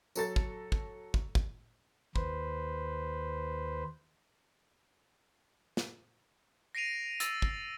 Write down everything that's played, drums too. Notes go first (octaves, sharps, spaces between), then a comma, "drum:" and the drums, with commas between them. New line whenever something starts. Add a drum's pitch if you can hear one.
F#3 A4 A6, drum: tambourine
drum: kick
drum: kick
drum: kick
drum: kick
D#2 B4 C5, drum: kick
drum: snare
A#6 C7 D7 D#7 F7
E6 A6, drum: hi-hat
drum: kick